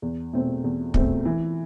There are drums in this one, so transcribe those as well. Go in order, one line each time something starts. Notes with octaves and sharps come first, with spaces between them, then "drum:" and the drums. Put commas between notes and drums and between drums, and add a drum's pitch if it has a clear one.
E2
B2 A3 C4
E2
B2 A3 C4, drum: kick
E3